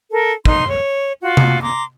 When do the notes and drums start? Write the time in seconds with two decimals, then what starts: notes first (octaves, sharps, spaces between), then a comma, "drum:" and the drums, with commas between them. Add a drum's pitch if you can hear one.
0.11 A4 A#4
0.45 D#4 C6, drum: kick
0.68 C#5
1.21 F4 F#4
1.37 drum: tom C3
1.61 A#5 C6 D6